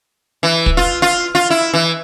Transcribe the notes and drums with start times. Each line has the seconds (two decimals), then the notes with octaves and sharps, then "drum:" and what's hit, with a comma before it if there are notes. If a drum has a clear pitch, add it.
0.43 E3
0.66 drum: kick
0.77 F4
1.02 F4
1.35 F4
1.50 E4
1.74 E3